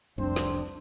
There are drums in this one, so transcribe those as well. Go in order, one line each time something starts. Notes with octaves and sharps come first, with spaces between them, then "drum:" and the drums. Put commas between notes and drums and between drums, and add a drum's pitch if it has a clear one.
F1 C2 C4 D4 C5, drum: tom F2
drum: snare